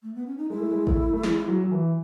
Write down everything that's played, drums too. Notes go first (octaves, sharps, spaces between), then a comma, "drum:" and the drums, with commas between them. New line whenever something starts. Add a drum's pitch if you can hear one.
A3
B3
C#4
D#4
G#3 E4
A3
G#3
A3, drum: kick G1
A3
G#3, drum: snare
F#3
F#3
E3